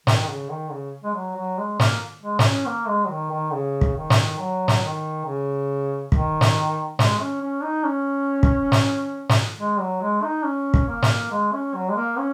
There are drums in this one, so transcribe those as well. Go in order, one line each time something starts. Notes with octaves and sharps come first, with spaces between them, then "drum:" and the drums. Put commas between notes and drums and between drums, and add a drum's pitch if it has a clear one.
D#3, drum: snare
D#3
C#3
D#3
C#3
G#3
F#3
F#3
G#3
A#3, drum: snare
G#3
A#3, drum: snare
C#4
A#3
G#3
F#3
D#3
D#3
C#3
drum: kick
D#3
drum: snare
F#3
drum: snare
D#3
C#3
D#3, drum: kick
drum: snare
G#3, drum: snare
C#4
C#4
D#4
C#4
drum: kick
drum: snare
drum: snare
G#3
F#3
G#3
D#4
C#4
drum: kick
A#3
drum: snare
G#3
C#4
F#3
G#3
A#3
C#4